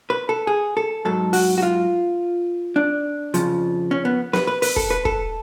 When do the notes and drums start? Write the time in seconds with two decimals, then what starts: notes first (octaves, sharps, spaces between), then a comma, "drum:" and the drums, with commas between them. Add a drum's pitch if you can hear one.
0.10 B4
0.29 A4
0.47 G#4
0.77 A4
1.05 G#2 F#3 A4
1.33 F#4, drum: open hi-hat
1.58 F#4
1.62 F4
2.76 D4
3.34 F2 C#3 F3, drum: hi-hat
3.91 C#4
4.05 B3
4.33 B4, drum: snare
4.47 B4
4.62 B4, drum: open hi-hat
4.76 A4, drum: kick
4.91 B4
5.05 A4, drum: kick